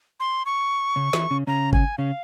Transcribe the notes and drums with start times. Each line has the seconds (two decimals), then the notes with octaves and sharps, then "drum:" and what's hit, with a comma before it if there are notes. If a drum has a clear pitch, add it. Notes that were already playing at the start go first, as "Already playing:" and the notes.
0.20 C6
0.46 C#6
0.96 C#3 C#4
1.13 E3 E4, drum: snare
1.31 C#3 C#4
1.47 C#3 C#4 A#5
1.73 G#5, drum: kick G1
1.98 C#3 C#4 F5